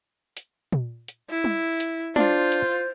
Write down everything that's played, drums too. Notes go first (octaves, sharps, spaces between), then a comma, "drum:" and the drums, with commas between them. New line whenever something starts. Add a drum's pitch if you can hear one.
drum: hi-hat
drum: tom A#2
drum: hi-hat
E4
drum: tom
drum: hi-hat
D4 F4 C5, drum: tom
drum: hi-hat